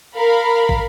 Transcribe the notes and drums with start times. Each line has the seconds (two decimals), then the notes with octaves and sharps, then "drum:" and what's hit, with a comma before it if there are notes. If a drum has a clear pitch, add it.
0.15 A#4 F5 B5
0.69 drum: kick